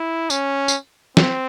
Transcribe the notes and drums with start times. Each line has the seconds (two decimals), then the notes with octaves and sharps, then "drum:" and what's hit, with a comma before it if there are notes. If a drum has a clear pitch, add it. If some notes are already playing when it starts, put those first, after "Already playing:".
Already playing: E4
0.30 C#4, drum: tambourine
0.68 drum: tambourine
1.17 C4, drum: snare